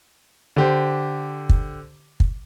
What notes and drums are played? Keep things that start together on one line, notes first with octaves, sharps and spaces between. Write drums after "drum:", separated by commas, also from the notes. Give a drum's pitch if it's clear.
D3 G4 C5
drum: kick
drum: kick